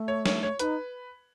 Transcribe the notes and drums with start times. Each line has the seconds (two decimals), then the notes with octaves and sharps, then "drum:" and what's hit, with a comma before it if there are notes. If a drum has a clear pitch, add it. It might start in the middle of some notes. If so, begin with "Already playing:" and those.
Already playing: A3
0.08 C#5
0.26 C#5, drum: snare
0.43 C#5
0.59 D#4 B4, drum: hi-hat